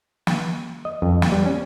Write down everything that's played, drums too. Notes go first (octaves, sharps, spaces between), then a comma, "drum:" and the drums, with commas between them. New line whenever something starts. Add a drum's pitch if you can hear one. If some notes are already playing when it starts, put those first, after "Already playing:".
drum: snare
D#5
F2
drum: snare
G3
C#4